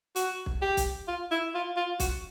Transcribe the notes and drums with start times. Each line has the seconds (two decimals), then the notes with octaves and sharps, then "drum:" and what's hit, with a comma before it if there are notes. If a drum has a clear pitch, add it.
0.16 F#4, drum: hi-hat
0.46 drum: kick
0.62 G4
0.77 drum: kick, hi-hat
1.08 F4
1.31 E4
1.55 F4
1.76 F4
2.00 F#4, drum: kick, hi-hat